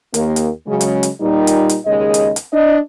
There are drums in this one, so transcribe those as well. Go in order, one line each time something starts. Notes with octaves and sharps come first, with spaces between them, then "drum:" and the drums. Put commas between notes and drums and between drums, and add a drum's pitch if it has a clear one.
D#2 A#3, drum: hi-hat
drum: hi-hat
C#3 F#3 G#3
drum: hi-hat
drum: hi-hat
A#2 G3 D#4
drum: hi-hat
drum: hi-hat
D#2 C#3 G#3 D#5
drum: hi-hat
drum: hi-hat
D4 D#5